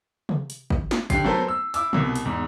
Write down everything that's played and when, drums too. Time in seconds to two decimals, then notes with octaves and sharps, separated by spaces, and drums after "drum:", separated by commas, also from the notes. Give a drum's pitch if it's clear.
0.29 drum: tom C3
0.50 drum: hi-hat
0.70 drum: kick
0.91 drum: snare
1.10 D3 G4 C7, drum: kick, hi-hat
1.24 F#3 A3 B3 A4 A#4 C5
1.48 E6
1.74 E4 D6 E6, drum: hi-hat
1.93 C2 B2, drum: tom C3
2.15 drum: hi-hat
2.25 E2 G#2